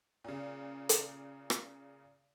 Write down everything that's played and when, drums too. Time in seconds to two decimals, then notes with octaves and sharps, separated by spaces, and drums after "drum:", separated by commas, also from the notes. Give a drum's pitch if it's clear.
0.24 A#2 C#3
0.89 drum: hi-hat
1.50 drum: rim click